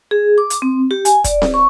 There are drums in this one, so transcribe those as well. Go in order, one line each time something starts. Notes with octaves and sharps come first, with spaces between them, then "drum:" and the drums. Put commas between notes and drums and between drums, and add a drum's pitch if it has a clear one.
G#4
D6
drum: hi-hat
C4
G4
G#5, drum: hi-hat
D5, drum: kick, hi-hat
drum: snare C4
C#6